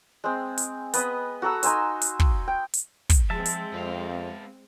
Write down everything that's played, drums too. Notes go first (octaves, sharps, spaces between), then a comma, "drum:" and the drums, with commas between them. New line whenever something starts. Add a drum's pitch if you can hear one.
G#3 C4
drum: hi-hat
B3 D#5 B5, drum: hi-hat
F#4 A4 A#5 E6
D#4 G#5 C6 E6, drum: hi-hat
drum: hi-hat
drum: kick
G5
drum: hi-hat
drum: kick, hi-hat
F3 G#3 C4 E5 A5
drum: hi-hat
F2 B3 F5